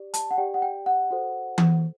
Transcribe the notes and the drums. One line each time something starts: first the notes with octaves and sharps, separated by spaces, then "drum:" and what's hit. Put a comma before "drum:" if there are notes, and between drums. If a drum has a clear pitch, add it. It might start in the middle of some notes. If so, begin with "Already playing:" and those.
Already playing: G4 D5
A5, drum: hi-hat
F#5
G4 D5 G5
F#5
G5
F#5
F#4 A4 C5
drum: tom E3